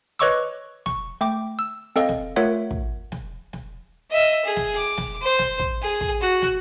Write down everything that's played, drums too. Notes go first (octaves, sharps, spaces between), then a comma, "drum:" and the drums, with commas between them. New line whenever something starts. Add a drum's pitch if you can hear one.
B4 C#5 D#5 C#6 D6 E6
C#6, drum: snare
A3 G5 D6
E6
C4 A4 D#5 F5
drum: snare
A3 F4 A#4 C#5 E5 F#5
drum: kick
drum: snare
drum: snare
D#5 E5
G#4
drum: snare
D6
drum: snare
C5
drum: snare
drum: kick
G#4
drum: kick
F#4
drum: snare